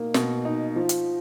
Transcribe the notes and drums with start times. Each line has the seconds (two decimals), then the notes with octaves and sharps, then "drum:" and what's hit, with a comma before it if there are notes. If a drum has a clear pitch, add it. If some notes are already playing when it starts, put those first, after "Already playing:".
Already playing: B2 A#3 D#4
0.14 B2, drum: snare
0.45 D#4
0.76 F3
0.89 drum: hi-hat